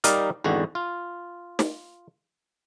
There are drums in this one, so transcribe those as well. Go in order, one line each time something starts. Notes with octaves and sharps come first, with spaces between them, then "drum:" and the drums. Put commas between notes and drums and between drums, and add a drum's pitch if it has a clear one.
G3 D#4 A#4 D5 F5, drum: hi-hat
G#1 E2 D3 F#4
F4
drum: snare